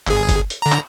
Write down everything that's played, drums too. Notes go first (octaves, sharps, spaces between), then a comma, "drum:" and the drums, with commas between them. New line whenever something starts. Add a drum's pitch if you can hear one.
G1 G#4, drum: clap
drum: kick G1, hi-hat
drum: hi-hat
D3 A#5
drum: clap